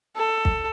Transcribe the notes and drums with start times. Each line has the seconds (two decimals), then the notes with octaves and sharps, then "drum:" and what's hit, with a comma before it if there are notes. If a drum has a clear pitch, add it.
0.17 A4
0.45 drum: kick